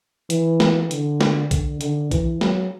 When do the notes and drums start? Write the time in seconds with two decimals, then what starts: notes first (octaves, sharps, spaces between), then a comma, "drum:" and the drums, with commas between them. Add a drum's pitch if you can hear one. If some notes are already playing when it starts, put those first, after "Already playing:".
0.30 E3, drum: hi-hat
0.60 drum: snare
0.91 D3, drum: hi-hat
1.21 drum: snare
1.51 D3, drum: kick A#1, hi-hat
1.81 D3, drum: hi-hat
2.11 E3, drum: kick A#1, hi-hat
2.41 F#3, drum: snare